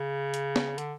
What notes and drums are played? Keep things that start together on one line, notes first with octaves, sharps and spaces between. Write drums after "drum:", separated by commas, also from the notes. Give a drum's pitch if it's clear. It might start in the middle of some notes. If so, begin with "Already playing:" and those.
Already playing: C#3
drum: hi-hat
drum: snare
D3, drum: hi-hat